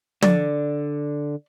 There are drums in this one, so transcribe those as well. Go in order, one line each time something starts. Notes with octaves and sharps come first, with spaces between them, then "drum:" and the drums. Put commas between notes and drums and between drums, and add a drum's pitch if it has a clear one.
D3 D5, drum: tom